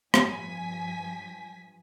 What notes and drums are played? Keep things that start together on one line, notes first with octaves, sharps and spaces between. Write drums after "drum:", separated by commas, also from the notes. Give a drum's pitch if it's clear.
G2 F3 G#5 B6, drum: rim click